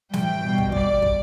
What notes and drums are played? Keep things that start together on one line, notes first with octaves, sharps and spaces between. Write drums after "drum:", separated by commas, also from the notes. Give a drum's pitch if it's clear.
A2 E3 G3 G5, drum: snare
B2 G3
drum: kick
B2 G3 D5, drum: kick
drum: kick